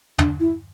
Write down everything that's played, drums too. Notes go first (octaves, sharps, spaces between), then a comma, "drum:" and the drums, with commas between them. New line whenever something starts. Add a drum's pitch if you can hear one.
D4, drum: tom
E4